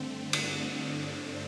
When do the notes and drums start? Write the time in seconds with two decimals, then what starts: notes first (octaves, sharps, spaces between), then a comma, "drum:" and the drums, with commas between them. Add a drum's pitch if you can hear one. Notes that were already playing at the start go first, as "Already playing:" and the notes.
Already playing: G2 D3 A3 C4
0.33 D3 D4, drum: cymbal